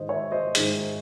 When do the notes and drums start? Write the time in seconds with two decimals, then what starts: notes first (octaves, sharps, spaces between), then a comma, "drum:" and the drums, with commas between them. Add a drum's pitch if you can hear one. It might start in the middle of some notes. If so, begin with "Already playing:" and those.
Already playing: G#2 D#3 G#3 C5 D#5
0.09 C#5 E5
0.32 C5 D#5
0.55 G#2 D#3 G#3, drum: hi-hat